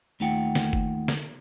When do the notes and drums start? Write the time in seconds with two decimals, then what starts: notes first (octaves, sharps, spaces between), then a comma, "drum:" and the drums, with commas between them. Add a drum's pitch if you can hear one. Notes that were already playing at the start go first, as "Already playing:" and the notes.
0.20 D#2 A3 D#4 F4 F#5 G5
0.55 drum: snare
0.73 drum: kick F#1
1.08 drum: snare